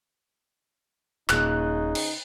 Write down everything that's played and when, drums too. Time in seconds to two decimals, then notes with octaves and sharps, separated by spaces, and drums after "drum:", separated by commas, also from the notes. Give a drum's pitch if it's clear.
1.29 D#1 A#2 C#3 D#4 F#6, drum: clap
1.95 drum: cymbal